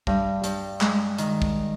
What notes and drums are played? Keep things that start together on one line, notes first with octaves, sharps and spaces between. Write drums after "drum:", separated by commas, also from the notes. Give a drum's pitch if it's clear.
G2, drum: kick
G2, drum: hi-hat
G#3, drum: clap
D#3, drum: hi-hat
drum: kick